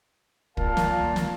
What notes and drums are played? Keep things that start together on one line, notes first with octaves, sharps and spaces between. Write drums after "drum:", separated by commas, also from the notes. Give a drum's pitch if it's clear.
A#2 A#4 F5 A5, drum: kick
drum: snare
drum: snare